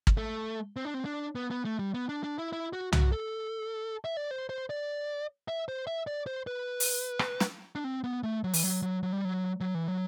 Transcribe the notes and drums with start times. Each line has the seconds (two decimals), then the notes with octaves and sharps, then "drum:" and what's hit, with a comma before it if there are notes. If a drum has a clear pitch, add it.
0.07 drum: kick
0.17 A3
0.76 C4
0.85 D4
0.94 C4
1.05 D4
1.35 B3
1.51 B3
1.65 A3
1.79 G3
1.94 B3
2.09 D4
2.24 D4
2.38 E4
2.53 E4
2.73 F#4
2.92 F#4, drum: tom C2
3.12 A4
4.05 E5
4.17 D5
4.31 C5
4.49 C5
4.70 D5
5.48 E5
5.68 C5
5.87 E5
6.07 D5
6.27 C5
6.47 B4
6.80 drum: open hi-hat
7.19 drum: rim click
7.40 drum: snare
7.75 D4
7.84 C4
8.04 B3
8.23 A3
8.44 F#3
8.53 E3, drum: open hi-hat
8.63 F#3
8.82 F#3
9.03 F#3
9.13 G3
9.25 F#3
9.61 F#3
9.75 E3
9.88 F#3